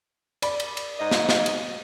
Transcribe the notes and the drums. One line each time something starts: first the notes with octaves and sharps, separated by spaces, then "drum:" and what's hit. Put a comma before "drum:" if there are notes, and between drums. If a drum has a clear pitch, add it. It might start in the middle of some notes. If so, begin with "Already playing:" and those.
D5 B5, drum: cymbal
drum: cymbal
drum: cymbal
G#2 D#5
drum: snare
drum: snare
drum: cymbal